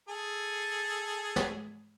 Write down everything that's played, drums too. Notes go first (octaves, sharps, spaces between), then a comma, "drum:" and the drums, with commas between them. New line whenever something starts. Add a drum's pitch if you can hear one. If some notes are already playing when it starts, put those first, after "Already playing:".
G#4 A4
drum: snare